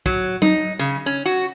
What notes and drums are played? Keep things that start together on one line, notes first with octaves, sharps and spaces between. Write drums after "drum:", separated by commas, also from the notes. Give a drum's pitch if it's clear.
F#3, drum: kick
D#4, drum: tom F#3
C#3
C#4
F#4